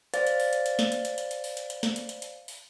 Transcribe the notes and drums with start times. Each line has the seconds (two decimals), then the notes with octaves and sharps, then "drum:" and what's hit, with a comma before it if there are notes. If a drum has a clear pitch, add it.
0.14 C5 D5 F5 A6, drum: hi-hat
0.27 drum: hi-hat
0.40 drum: open hi-hat
0.53 drum: hi-hat
0.66 drum: hi-hat
0.79 drum: snare
0.92 drum: hi-hat
1.05 drum: hi-hat
1.18 drum: hi-hat
1.31 drum: hi-hat
1.44 drum: open hi-hat
1.57 drum: hi-hat
1.70 drum: hi-hat
1.83 drum: snare
1.96 drum: hi-hat
2.09 drum: hi-hat
2.22 drum: hi-hat
2.48 drum: open hi-hat